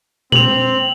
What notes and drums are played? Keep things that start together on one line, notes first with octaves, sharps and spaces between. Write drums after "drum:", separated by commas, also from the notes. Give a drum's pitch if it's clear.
C4 F7 F#7, drum: tom A#2